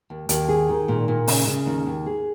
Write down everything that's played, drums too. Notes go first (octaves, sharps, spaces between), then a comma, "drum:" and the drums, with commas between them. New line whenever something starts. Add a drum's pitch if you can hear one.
D#2
D#2, drum: hi-hat
G#4
D#3
A#2
A#2
C#3, drum: open hi-hat
C#3
D#2
D#2
G#4